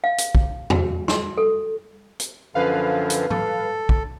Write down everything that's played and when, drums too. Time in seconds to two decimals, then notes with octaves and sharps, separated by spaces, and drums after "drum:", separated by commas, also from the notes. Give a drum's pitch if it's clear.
0.04 F5
0.18 drum: hi-hat
0.35 drum: kick
0.70 F#4, drum: tom E2
1.08 C6, drum: snare
1.37 A4
2.20 drum: hi-hat
2.55 F#2 D3 F3 B4 F5
3.10 drum: hi-hat
3.30 A4, drum: tom G#2
3.89 drum: kick